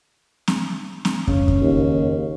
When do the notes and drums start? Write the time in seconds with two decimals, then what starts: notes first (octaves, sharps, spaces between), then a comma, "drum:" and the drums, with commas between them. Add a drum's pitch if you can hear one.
0.48 drum: snare C4
1.05 drum: snare C4
1.28 C#3, drum: kick
1.48 drum: kick
1.62 D#2